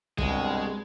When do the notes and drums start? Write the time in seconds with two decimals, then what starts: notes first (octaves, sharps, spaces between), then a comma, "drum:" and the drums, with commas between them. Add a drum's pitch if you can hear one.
0.18 C2 G2 B2 G#3, drum: kick